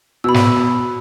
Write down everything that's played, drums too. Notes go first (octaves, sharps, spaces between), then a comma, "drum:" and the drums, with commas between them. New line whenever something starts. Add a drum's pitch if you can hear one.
B2 B5 E6
drum: snare